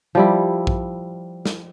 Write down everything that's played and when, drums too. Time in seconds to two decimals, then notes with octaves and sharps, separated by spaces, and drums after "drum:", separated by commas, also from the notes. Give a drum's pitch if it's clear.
0.15 F3 G3 E4
0.67 drum: kick A#1
1.46 drum: snare